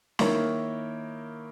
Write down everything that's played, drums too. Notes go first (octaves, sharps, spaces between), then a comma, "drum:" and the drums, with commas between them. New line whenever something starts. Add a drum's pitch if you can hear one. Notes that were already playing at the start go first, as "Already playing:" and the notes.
D#3 A#3 E4 A#4 C#5, drum: snare